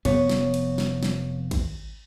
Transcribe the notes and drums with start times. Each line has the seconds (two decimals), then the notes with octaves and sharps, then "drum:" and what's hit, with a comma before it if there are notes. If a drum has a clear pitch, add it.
0.05 F1 B3 C#5, drum: cymbal
0.29 drum: snare
0.54 drum: cymbal
0.78 drum: snare
1.03 drum: snare
1.51 drum: kick, cymbal